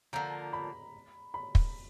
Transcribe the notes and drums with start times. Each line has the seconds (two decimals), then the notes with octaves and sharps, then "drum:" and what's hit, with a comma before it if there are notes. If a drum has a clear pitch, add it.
0.13 D3 F3 A#3 A#5
0.53 B5
1.34 B5
1.55 drum: kick